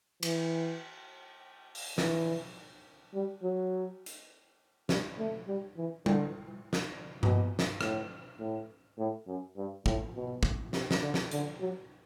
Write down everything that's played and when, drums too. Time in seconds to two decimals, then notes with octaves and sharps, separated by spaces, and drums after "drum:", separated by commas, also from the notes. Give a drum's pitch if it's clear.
0.23 E3, drum: cymbal
1.75 drum: open hi-hat
1.98 E3, drum: snare
3.14 G3
3.43 F#3
4.06 drum: hi-hat
4.89 G3, drum: snare
5.18 A3
5.47 G3
5.77 E3
6.06 D3, drum: tom G3
6.73 drum: snare
7.23 B2, drum: tom G2
7.59 drum: snare
7.81 A2, drum: rim click
8.40 A2
8.99 A2
9.27 F#2
9.57 G2
9.86 A2, drum: kick
10.15 B2
10.43 drum: kick
10.73 C3, drum: snare
10.91 drum: snare
11.02 D3
11.14 drum: snare
11.31 D3, drum: hi-hat
11.60 F#3